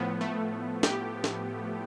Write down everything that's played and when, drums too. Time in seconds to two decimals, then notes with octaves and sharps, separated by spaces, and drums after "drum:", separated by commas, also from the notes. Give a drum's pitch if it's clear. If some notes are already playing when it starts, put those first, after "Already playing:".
Already playing: A2 F3 B3
0.21 A3
0.83 G4, drum: snare
1.24 drum: snare